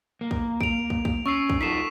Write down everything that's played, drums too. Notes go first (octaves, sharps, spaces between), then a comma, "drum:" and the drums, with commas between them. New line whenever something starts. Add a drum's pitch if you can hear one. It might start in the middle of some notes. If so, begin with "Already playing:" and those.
A#3
drum: kick
D7 F7, drum: kick
drum: kick
drum: kick
C#4 C#6 E6 C7
drum: kick
D#4 F4 A4 B6 C7 E7